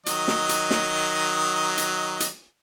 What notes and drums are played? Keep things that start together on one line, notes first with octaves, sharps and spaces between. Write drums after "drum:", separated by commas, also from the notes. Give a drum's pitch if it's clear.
D#3 F#3 D#5, drum: hi-hat
drum: snare
drum: hi-hat
drum: snare
drum: hi-hat
drum: hi-hat